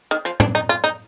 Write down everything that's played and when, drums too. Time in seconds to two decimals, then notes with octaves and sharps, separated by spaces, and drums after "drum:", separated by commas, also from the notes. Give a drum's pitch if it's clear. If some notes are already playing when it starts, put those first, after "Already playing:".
0.11 D#3
0.25 F3
0.40 D4, drum: tom
0.55 D#4
0.69 F4
0.84 D#4